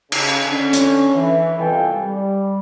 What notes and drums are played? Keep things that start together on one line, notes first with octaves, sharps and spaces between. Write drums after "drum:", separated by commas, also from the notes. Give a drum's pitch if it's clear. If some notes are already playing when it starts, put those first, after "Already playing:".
C#3, drum: cymbal
D3 C#4
drum: hi-hat
E3
C2 B2 F4 A4 G5 G#5
G3